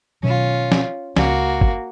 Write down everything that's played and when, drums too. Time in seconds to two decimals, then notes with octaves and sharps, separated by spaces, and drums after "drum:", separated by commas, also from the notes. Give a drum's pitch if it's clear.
0.23 B2 D#3 F#3 C#4 F4
0.72 drum: snare
1.16 C#2 A#3 F#4, drum: snare
1.61 drum: kick G1